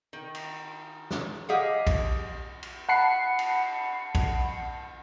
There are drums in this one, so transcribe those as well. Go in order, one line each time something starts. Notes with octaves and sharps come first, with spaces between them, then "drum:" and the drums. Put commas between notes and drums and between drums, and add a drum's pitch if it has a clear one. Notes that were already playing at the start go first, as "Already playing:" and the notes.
D#3
drum: cymbal
drum: snare
G4 G#4 C#5 D#5 F5 F#5
drum: kick A#1, cymbal
drum: cymbal
F#5 A5 B5 C7 C#7
drum: cymbal
drum: kick A#1, cymbal